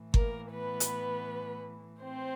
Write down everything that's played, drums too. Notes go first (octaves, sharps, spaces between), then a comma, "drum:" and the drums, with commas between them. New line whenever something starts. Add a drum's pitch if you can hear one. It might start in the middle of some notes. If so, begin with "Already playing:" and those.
Already playing: A2 E3
A#3 A#4, drum: kick G1
B3 B4
drum: hi-hat
C4 C5